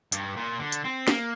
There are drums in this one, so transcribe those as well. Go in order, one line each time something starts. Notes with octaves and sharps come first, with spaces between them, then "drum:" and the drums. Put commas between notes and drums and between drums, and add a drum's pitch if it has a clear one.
G2, drum: hi-hat
A#2
D3
drum: hi-hat
C4
A#3, drum: snare